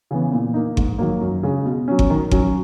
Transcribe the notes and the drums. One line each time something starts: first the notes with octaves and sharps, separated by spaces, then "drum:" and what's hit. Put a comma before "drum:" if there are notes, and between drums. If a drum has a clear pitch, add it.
C#3 E3 B3
A#2
A#3 D#4
G#2, drum: kick G1
D#3 F#3 A#3
F#2
C#3 G#3
B2
F#3 C#4
drum: kick G1
D#3
F#3 C#4, drum: kick G1